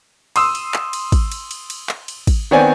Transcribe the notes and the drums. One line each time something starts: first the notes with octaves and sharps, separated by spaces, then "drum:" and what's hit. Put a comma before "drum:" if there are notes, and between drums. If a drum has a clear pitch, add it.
C6 D#6 E6, drum: cymbal
drum: cymbal
drum: clap
drum: cymbal
drum: kick G#1, cymbal
drum: cymbal
drum: cymbal
drum: cymbal
drum: clap
drum: cymbal
drum: kick G#1, cymbal
D#3 B3 C4 C#5 D5 G#5